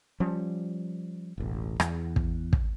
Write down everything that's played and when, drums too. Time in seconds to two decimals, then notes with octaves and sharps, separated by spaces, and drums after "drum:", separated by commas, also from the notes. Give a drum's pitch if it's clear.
0.20 F3 G3 C#4
1.38 E1 A1
1.80 E2, drum: rim click
2.16 drum: kick
2.53 drum: kick